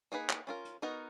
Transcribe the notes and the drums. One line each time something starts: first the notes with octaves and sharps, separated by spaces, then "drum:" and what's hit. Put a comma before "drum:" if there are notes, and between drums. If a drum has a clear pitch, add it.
A#3 D#4 G#4 B4
drum: clap
C#4 F4 A#4
drum: hi-hat
B3 D#4 F#4 A#4 D#5